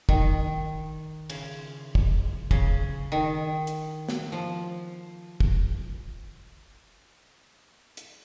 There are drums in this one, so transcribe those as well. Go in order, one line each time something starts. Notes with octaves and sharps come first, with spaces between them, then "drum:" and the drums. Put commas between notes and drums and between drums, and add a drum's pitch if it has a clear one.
D#3, drum: kick
C#3, drum: cymbal
drum: kick
C#3, drum: kick
D#3
drum: hi-hat
drum: snare
F3
drum: kick
drum: hi-hat